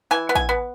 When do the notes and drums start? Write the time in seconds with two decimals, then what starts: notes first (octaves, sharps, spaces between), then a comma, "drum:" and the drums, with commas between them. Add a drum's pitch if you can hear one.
0.11 E3 G#5
0.29 B3
0.35 G#5, drum: kick
0.49 B3